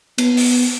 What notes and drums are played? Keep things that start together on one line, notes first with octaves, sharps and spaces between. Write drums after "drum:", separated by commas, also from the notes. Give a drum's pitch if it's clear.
B3, drum: cymbal
drum: open hi-hat